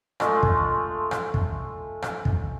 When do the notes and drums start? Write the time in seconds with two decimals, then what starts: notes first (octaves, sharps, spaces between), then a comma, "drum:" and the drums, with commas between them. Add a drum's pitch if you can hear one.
0.20 G#3 A3 F4, drum: rim click
0.43 drum: kick
1.11 drum: rim click
1.34 drum: kick
2.02 drum: rim click
2.25 drum: kick